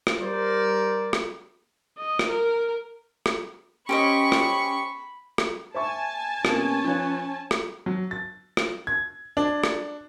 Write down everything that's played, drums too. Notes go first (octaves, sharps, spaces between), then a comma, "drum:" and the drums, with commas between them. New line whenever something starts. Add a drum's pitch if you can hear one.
drum: rim click
G3 A#4 C5 D5
drum: rim click
D#5
drum: rim click
A#4
drum: rim click
C#4 G4 C5 D#5 B5 C#6
drum: rim click
drum: rim click
C5 E5 G#5 A5 C#6
C3 A#3 B3 C#4, drum: rim click
F3 B4 C#5
drum: rim click
F#3
A6
drum: rim click
G#6
D4
drum: rim click